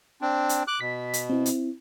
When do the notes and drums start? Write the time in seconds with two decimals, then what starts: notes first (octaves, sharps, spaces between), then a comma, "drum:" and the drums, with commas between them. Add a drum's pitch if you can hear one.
0.21 C4 D4
0.49 drum: hi-hat
0.68 D6 F#6
0.80 B2 B6
1.13 drum: hi-hat
1.30 C4 E4
1.46 drum: hi-hat